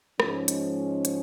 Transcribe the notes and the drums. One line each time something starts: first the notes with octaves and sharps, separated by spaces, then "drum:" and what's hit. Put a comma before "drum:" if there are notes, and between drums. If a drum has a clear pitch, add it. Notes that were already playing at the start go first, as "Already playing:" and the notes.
G#2 F3 G#3 C#4, drum: rim click
drum: hi-hat
drum: hi-hat